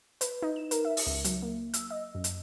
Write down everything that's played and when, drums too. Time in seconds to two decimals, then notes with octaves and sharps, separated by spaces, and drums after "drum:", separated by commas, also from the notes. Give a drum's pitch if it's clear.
0.21 B4, drum: hi-hat
0.42 D#4
0.56 E7
0.71 A#4, drum: hi-hat
0.85 E5
0.97 drum: open hi-hat
1.07 C#2
1.24 F#3, drum: hi-hat
1.42 A#3
1.74 E6, drum: hi-hat
1.90 D#5
2.15 F#2
2.24 drum: hi-hat